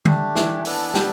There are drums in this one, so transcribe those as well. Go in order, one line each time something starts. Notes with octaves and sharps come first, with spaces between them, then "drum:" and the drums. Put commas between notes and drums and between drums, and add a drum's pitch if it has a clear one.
A3 D4 G4, drum: tom D3
E3 E4, drum: snare
B3 D4 A4, drum: open hi-hat
G3 G4, drum: snare